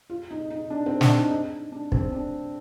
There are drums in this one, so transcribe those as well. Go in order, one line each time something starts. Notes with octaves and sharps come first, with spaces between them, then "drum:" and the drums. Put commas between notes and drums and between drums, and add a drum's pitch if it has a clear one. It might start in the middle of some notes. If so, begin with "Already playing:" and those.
F4
D#4
D#4
D4
C4
D4, drum: snare
D#4
D#4
D4
C4, drum: kick
D4